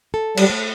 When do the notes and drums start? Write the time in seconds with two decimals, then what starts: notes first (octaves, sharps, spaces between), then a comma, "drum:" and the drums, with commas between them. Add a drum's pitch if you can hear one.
0.14 A4
0.37 G3, drum: cymbal
0.50 A3